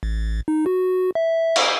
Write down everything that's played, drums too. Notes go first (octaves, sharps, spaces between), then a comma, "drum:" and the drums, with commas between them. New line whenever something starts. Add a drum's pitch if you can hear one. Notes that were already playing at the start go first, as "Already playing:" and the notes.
A1
D#4
F#4
E5
drum: cymbal